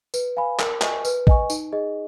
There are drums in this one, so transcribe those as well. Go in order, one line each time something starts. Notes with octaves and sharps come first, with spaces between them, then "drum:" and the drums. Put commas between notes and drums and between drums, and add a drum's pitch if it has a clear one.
B4, drum: tambourine
F5 G#5 B5
A#4, drum: clap
D#5 G#5 C#6, drum: clap
B4, drum: tambourine
D#5 G#5 C#6, drum: kick
D#4, drum: tambourine
G#4 D#5